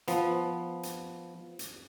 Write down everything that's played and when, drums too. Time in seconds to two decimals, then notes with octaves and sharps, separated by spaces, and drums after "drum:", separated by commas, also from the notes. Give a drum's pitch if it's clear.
0.08 F3 B3, drum: hi-hat
0.83 drum: hi-hat
1.59 drum: hi-hat